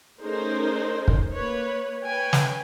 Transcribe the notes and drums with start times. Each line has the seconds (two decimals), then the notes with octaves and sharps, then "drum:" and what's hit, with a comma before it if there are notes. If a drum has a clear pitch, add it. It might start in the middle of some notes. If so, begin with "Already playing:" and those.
0.20 A3 C#4 D#4 G#4 A#4 C5
1.08 drum: kick
1.33 A#3 B4 C#5
2.03 B4 C#5 G5 G#5
2.33 drum: snare